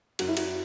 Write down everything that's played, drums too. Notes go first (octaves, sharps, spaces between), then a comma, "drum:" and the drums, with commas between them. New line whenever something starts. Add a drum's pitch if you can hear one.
F#2 F#4, drum: cymbal
E4
F#4, drum: cymbal